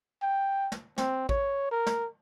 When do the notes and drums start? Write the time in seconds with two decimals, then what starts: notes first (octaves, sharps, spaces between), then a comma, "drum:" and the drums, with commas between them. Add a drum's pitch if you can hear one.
0.22 G5
0.72 drum: snare
0.98 C4, drum: snare
1.29 C#5, drum: kick A1
1.72 A#4
1.86 drum: snare